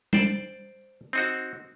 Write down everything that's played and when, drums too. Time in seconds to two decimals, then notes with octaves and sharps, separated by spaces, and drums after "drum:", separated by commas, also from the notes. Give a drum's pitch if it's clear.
0.13 C5 D5, drum: tom G3
1.13 C4 D#4 F#4